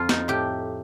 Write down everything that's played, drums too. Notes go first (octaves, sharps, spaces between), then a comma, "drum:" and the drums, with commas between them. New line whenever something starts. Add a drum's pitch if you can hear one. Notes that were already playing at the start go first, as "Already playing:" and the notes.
Already playing: F2 F4
D#4, drum: snare
A2 G4